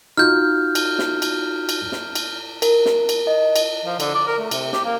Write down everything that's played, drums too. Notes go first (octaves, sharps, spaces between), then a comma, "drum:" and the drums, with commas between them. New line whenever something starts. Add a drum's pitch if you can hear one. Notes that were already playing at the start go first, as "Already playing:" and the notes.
D#4 F4 F#4 F6 G6
drum: cymbal
drum: snare
drum: cymbal
drum: cymbal
drum: snare
drum: cymbal
A#4, drum: cymbal
drum: snare
drum: cymbal
D#5
drum: cymbal
F3
D3, drum: cymbal
D5
A#4
A3
C3, drum: cymbal
G4, drum: snare
A#3